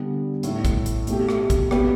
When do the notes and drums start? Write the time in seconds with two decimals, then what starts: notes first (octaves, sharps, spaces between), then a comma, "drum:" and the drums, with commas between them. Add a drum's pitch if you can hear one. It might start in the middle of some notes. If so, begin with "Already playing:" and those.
Already playing: D3 G3 B3
0.43 A2 A3 E4, drum: hi-hat
0.65 drum: kick A1, hi-hat
0.86 drum: hi-hat
1.07 B2 A3 G4, drum: hi-hat
1.29 drum: rim click
1.50 drum: kick A1, hi-hat
1.71 B2 B3 G4 B4, drum: rim click